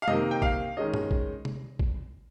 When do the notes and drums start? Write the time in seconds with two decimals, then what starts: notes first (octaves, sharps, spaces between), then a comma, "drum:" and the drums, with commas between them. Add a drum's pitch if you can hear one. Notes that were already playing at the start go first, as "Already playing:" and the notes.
0.02 F5
0.08 C3 D#3 A#3 D#5, drum: tom
0.31 G5
0.42 F5, drum: kick
0.77 D#3 G#3 C#4 D#5
0.94 drum: tom
1.11 drum: kick
1.45 drum: tom C3
1.79 drum: kick